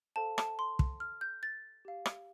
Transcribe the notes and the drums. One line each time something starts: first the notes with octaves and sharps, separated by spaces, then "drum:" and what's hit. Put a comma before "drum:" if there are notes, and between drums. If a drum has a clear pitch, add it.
A4 C5 F5 A5
A5, drum: rim click
C6
drum: kick
F6
G6
A6
G4 F5
drum: rim click